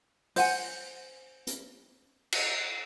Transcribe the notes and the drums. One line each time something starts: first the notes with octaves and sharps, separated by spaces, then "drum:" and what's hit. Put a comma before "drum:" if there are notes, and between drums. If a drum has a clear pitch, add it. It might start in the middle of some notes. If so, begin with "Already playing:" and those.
C5 F#5 G#5, drum: open hi-hat
drum: hi-hat
drum: cymbal